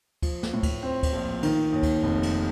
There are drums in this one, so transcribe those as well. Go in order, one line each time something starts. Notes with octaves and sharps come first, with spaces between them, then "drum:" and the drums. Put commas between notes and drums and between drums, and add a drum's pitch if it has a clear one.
F3, drum: kick D2, cymbal
drum: snare
A2
drum: kick D2, cymbal
C4
drum: kick D2, cymbal
A#1
D#3, drum: cymbal
D#2
drum: kick D2, cymbal
F1
drum: cymbal